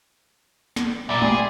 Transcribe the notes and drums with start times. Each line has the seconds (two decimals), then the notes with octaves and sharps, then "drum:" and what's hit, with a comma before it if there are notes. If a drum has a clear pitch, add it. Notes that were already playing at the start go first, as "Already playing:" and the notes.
0.76 drum: snare
1.09 C2 A#2 D5 E5 D6
1.22 G4 G#4 D5 C6, drum: tom G#3